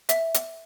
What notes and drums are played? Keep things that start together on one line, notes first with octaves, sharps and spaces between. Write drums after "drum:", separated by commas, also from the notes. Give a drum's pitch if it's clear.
E5, drum: hi-hat
drum: hi-hat